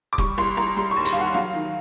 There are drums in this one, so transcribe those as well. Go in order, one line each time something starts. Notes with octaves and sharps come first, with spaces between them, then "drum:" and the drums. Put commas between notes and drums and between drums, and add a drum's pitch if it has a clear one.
D6
G3 C#6, drum: kick
C2 C6
C2 A#5
G3 C6
C#6
D#2
C6, drum: hi-hat
F5
D#2 F#5
F#3 F5
D#3